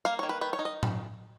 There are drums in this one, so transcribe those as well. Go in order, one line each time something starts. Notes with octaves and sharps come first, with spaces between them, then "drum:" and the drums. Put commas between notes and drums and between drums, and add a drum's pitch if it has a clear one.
A#3 F5
D#3 C#5
B4
D#3 B4
C#5
D#4
D#5
drum: tom A2